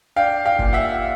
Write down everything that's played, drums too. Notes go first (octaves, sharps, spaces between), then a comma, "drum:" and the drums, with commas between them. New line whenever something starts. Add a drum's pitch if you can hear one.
D4 F5 G5
F5 G5
A#2, drum: kick F#1
E5 F#5